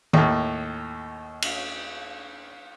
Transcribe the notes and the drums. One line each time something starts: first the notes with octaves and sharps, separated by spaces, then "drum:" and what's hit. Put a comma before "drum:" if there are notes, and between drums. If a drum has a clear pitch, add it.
D#2 A2, drum: tom D#3
drum: cymbal